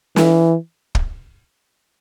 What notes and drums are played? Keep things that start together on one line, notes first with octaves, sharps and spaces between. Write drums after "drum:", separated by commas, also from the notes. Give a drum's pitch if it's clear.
E3, drum: snare
drum: kick